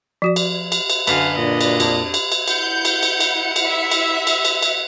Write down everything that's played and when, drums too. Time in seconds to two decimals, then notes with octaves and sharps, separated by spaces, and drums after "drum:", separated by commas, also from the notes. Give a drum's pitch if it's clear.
0.22 F3 F#4 D5
0.36 drum: cymbal
0.72 drum: cymbal
0.90 drum: cymbal
1.07 F#2 D3 B4 F5 G#5, drum: cymbal
1.37 A#2 D4 D#5
1.61 drum: cymbal
1.80 F2, drum: cymbal
2.14 drum: cymbal
2.32 drum: cymbal
2.48 E4 F#5 G6 C#7, drum: cymbal
2.85 drum: cymbal
3.03 drum: cymbal
3.20 drum: cymbal
3.56 drum: cymbal
3.66 E5
3.91 drum: cymbal
4.27 drum: cymbal
4.45 drum: cymbal
4.62 drum: cymbal